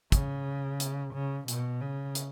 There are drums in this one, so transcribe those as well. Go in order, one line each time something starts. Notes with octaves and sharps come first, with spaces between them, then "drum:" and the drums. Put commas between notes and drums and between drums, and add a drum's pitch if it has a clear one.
C#3, drum: kick, hi-hat
drum: hi-hat
C#3
B2, drum: hi-hat
C#3
drum: hi-hat